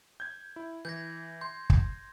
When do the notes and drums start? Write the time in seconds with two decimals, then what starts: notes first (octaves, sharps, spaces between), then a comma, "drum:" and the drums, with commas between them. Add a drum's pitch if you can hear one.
0.20 G6 G#6
0.56 E4
0.85 E3 G6 G#6 A#6
1.41 C6 G6
1.70 drum: kick